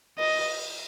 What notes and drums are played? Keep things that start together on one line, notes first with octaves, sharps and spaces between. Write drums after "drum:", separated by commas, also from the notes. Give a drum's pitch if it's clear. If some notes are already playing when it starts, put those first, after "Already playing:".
D#5, drum: cymbal
drum: cymbal